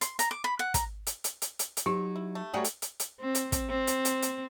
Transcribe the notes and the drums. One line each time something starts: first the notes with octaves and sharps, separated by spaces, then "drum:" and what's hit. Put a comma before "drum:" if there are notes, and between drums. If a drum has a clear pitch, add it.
C6, drum: hi-hat
A#5, drum: hi-hat
D6
B5
F#5
A#5, drum: kick, hi-hat
drum: hi-hat
drum: hi-hat
drum: hi-hat
drum: hi-hat
drum: hi-hat
F#3 C4 D#4 G4
E4
A3
G3 A3 F#4 G#4 A#4 C#5
drum: hi-hat
drum: hi-hat
drum: hi-hat
C4
drum: hi-hat
drum: kick, hi-hat
C4
drum: hi-hat
drum: hi-hat
drum: hi-hat